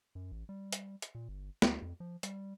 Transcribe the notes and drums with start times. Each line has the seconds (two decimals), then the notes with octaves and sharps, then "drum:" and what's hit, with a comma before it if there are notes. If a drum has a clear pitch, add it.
0.15 F#2
0.31 A1
0.49 G3
0.72 drum: hi-hat
1.02 drum: hi-hat
1.15 A#2
1.28 G1
1.62 D2, drum: snare
1.82 F2
2.00 F3
2.23 G3, drum: hi-hat